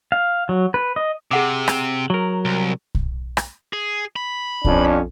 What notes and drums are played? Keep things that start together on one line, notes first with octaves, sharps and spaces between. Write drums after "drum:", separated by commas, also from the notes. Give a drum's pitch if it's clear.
F5
F#3
B4
D#5
C3 G#4 F#5 D6
drum: rim click
F#3 A#4
C2
drum: kick B1
drum: rim click
G#4
B5
F2 C#4 D4, drum: kick B1